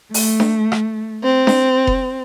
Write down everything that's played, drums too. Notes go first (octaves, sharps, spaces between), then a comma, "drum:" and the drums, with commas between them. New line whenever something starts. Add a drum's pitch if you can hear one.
A3, drum: open hi-hat
drum: snare D4
drum: rim click
C4
drum: snare D4
drum: kick F1